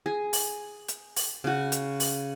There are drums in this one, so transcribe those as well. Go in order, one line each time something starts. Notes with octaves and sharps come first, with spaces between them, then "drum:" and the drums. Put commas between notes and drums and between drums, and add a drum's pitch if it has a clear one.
G#4
drum: open hi-hat
drum: hi-hat
drum: open hi-hat
C#3 F#4
drum: hi-hat
drum: open hi-hat